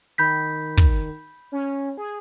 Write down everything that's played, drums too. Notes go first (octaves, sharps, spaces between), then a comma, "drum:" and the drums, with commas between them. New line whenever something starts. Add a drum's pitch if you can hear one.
D#3 B5 G6 B6
drum: kick
C#4
G#4